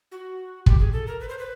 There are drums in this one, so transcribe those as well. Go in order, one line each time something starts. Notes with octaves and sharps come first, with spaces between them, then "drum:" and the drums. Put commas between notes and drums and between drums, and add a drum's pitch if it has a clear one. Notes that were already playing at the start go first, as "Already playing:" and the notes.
F#4
G4, drum: kick
G#4
A4
A#4
B4
C5
B4